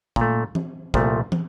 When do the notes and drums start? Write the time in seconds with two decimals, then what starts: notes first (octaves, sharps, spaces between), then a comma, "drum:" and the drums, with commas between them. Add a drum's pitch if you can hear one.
0.16 A#2, drum: kick
0.21 A3
0.55 drum: tom E3
0.94 C2 A#2 F3 A3, drum: kick
1.32 drum: tom